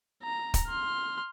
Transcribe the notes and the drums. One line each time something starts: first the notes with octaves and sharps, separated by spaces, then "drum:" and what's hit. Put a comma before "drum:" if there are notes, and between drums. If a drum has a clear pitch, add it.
A#5
drum: kick, hi-hat
C6 F6